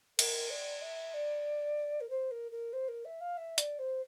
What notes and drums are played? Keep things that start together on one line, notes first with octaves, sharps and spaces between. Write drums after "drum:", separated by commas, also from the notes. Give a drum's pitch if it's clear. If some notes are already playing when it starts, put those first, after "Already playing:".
A#4, drum: cymbal
D5
E5
D5
A#4
C5
A#4
A#4
C5
A#4
E5
F5
E5
D5, drum: hi-hat
C5